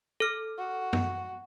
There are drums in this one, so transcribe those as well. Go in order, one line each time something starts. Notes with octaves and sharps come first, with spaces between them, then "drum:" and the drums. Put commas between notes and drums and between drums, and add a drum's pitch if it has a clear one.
A4 F6
F#4
drum: tom F#2